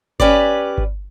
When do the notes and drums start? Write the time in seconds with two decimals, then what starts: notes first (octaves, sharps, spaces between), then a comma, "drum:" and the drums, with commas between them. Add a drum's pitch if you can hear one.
0.20 C#4 G4 B4 D5, drum: kick G1
0.78 drum: kick G1